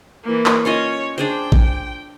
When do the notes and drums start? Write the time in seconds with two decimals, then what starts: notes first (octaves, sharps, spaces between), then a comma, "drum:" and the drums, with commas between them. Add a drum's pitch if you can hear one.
0.25 E3 A#3
0.46 drum: clap
0.65 C#4 F4 C#5 D#5
1.18 D4 G#4 C5 G5
1.52 drum: kick A1